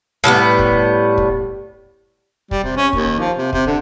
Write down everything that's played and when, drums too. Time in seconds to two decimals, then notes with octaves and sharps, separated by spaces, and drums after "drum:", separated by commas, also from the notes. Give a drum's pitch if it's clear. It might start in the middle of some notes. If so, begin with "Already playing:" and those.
0.24 A2 G3 A3 B3
0.59 drum: kick
1.18 drum: kick
2.51 G3, drum: kick
2.64 C3
2.77 C#4
2.93 D#2, drum: kick
3.20 F3
3.38 C3
3.53 C3, drum: kick
3.67 D3